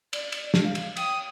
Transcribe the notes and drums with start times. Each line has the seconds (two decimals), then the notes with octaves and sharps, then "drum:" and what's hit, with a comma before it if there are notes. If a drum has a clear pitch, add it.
0.13 D5, drum: cymbal
0.32 drum: cymbal
0.54 drum: snare
0.64 F5
0.75 drum: cymbal
0.97 G5 D#6, drum: cymbal